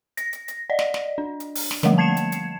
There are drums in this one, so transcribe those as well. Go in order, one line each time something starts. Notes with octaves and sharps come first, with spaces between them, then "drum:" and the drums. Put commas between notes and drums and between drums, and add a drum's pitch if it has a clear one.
A#6, drum: hi-hat
drum: hi-hat
drum: hi-hat
D5 D#5
drum: snare
drum: snare
D4
drum: hi-hat
drum: open hi-hat
drum: snare
D3 F3 G3 A3 A#3, drum: snare
A5 G#6 C7 C#7 E7
drum: hi-hat
drum: hi-hat